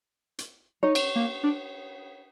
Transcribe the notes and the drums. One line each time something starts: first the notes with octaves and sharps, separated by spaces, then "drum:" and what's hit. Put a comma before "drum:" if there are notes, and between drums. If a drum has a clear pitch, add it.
drum: hi-hat
D#4 C#5
drum: cymbal
A#3
D4